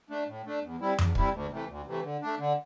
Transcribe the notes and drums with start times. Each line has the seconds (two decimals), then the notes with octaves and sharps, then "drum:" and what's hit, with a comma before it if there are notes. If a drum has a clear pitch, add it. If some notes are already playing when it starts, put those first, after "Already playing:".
0.10 A3 D4
0.28 A2
0.46 A3 D4
0.62 E2
0.80 C3 G3 E4
0.99 E2, drum: tom F2
1.15 C3 G3 E4, drum: kick
1.33 D2
1.50 C3 E3 A3
1.68 D2
1.86 C3 E3 A3
2.03 D3
2.21 A3 D4
2.39 D3